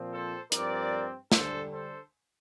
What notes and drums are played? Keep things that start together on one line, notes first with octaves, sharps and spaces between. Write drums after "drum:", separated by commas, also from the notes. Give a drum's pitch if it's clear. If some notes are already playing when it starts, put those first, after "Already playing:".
Already playing: A#2 F3 C4
A4 C5
G2 F3 C4 A#4 D5, drum: hi-hat
D3 G3 D4 A4 C5, drum: snare
A4 C5